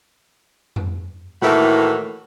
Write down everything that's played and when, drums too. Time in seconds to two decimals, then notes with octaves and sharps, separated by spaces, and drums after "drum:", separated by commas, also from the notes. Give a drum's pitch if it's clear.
0.76 drum: tom F2
1.42 A2 D#3 E3 A3 A#3 F#4, drum: snare